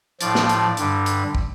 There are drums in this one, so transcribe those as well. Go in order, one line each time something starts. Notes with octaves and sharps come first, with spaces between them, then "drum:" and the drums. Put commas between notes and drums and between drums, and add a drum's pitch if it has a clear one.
A2 F3 D5, drum: hi-hat
drum: snare
drum: hi-hat
G2 D3 G3, drum: hi-hat
drum: hi-hat
drum: kick